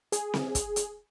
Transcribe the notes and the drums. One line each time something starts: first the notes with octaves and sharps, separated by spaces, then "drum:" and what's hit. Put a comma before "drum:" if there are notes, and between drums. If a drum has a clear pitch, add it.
G#4, drum: hi-hat
drum: snare C4
drum: kick, hi-hat
drum: hi-hat